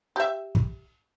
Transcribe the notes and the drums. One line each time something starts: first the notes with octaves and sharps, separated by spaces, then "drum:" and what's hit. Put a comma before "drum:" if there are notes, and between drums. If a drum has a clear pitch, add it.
G4 E5
drum: kick